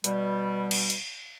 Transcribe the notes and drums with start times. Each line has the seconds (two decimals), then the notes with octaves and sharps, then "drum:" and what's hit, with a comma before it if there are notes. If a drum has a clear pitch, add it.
0.04 B2 G3, drum: hi-hat
0.71 drum: cymbal
0.90 drum: hi-hat